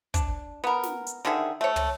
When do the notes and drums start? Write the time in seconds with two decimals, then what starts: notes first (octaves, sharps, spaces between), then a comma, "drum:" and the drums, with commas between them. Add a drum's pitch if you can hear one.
0.14 D4, drum: kick, hi-hat
0.64 B3 A#4
0.83 drum: snare
1.07 drum: hi-hat
1.25 D3 D#3 G#4 E5
1.61 A3 C#5
1.76 drum: tom